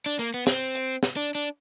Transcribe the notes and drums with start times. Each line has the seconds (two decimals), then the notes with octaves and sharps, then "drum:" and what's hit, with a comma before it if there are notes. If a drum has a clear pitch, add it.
0.06 D4
0.19 A#3, drum: hi-hat
0.34 B3
0.47 C4, drum: snare
0.75 drum: hi-hat
1.03 drum: snare
1.17 D4
1.35 D4